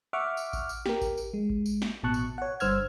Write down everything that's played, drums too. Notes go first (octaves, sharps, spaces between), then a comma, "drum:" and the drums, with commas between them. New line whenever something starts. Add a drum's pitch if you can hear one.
E5 F#5 C#6 D6 F6
drum: tambourine
drum: kick A1, tambourine
drum: tambourine
G4 A#4, drum: snare
drum: kick A1, tambourine
drum: tambourine
G#3
drum: kick A1
drum: tambourine
drum: snare
A1 B2 A5 C#6 F#6
drum: tambourine
C#5 F#5
G1 G2 C5 E6 F6 G#6, drum: tambourine